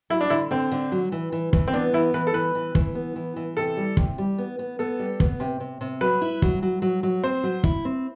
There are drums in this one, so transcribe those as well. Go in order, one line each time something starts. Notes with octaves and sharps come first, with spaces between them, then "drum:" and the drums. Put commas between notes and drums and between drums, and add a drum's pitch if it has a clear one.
F#3 E4
D4
D3 E4
D3 C4
D3
F#3
E3
E3
E3, drum: kick
C4
B3 D4
E3 E4
E3 B4
A4
E3 B4
E3
E3, drum: kick
B3
E3
E3
C3 A4
G3
C3, drum: kick
G3
B3
B3
B3 A4
G3
B3, drum: kick
C3
C3
C3
F#3 B4
E4
F#3, drum: kick
F#3
F#3
F#3
C4 C5
F#3
E4, drum: kick
C4